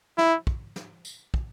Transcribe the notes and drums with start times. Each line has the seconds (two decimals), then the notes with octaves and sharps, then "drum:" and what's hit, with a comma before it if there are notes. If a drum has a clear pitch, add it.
0.18 E4, drum: snare
0.47 drum: kick
0.76 drum: snare
1.05 drum: tambourine
1.34 drum: kick